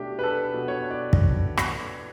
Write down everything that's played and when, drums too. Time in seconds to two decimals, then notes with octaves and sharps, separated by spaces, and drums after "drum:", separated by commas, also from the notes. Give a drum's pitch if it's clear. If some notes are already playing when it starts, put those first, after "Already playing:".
Already playing: B2 A3 D4 G4
0.19 B4
0.24 D4 A4
0.54 B2
0.68 C#5
0.83 D4
0.91 D5
1.13 drum: kick
1.57 drum: rim click